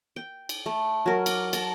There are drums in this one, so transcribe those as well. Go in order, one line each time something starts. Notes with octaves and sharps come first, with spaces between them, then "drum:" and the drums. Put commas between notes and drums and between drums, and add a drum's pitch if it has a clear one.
G5
drum: cymbal
A3
F#3 A#4
D6, drum: cymbal
A5 A#5, drum: cymbal